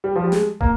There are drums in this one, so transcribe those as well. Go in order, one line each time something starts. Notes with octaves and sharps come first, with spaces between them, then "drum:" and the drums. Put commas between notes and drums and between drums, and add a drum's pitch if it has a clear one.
G3
F3
G3
G#3, drum: snare
A#3, drum: kick